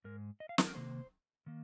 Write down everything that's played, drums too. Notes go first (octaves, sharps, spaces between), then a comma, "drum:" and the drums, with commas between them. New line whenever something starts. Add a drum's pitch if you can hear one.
G#2 G#3 A#4
D#5
F5
C5, drum: snare
A#4
C3 D#3 A#3 C5
D#3 A#3